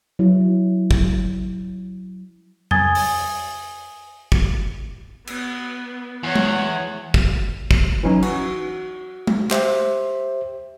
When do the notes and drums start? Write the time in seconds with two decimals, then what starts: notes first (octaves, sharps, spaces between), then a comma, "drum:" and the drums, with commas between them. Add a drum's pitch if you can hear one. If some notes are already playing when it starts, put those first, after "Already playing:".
0.19 F#3 E4
0.91 drum: kick
2.71 G#5 D#6 G#6 A6 G7, drum: tom F2
2.95 drum: open hi-hat
4.32 drum: kick
5.27 B3, drum: cymbal
6.23 E2 C#5 F#5
6.36 drum: tom G#3
7.14 drum: kick
7.71 drum: kick
8.03 E3 F#3 C#4 D#4
8.22 F#4, drum: cymbal
9.27 drum: tom G#3
9.51 G4 C5 E5, drum: clap